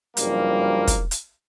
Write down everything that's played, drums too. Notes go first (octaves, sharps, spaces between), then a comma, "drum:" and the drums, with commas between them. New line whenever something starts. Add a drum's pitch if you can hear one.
F#1 G2 F3 G3 A#3 A#4, drum: hi-hat
drum: kick, hi-hat
drum: hi-hat